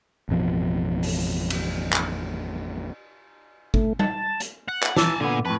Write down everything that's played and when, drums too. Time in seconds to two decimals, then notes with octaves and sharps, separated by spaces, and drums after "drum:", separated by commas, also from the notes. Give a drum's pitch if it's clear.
0.29 A1 F2 B2 F3
1.03 drum: open hi-hat
1.50 drum: cymbal
1.93 drum: clap
3.74 A3, drum: kick G#1
3.99 A5, drum: tom G3
4.40 drum: hi-hat
4.69 F#5
4.83 drum: clap
4.97 E3 G#5 A5, drum: snare
5.20 A#2 D3 B3 G#5
5.46 F2 A2 B4